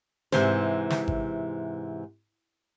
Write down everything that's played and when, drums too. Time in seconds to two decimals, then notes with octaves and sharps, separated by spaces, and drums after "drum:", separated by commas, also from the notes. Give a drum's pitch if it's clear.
0.32 G#2 C3 E3 C5, drum: snare
0.90 drum: snare
1.08 drum: kick G#1